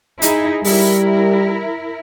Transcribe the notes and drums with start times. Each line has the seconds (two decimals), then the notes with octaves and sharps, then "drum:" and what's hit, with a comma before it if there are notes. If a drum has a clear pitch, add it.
0.22 D#4 E4 G#4, drum: hi-hat
0.65 G3 E4 A#4, drum: open hi-hat